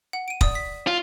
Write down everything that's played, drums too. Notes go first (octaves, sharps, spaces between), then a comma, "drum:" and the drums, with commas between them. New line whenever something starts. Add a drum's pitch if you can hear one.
F#5
D7 D#7
D5 D#6, drum: kick E1
B6
F4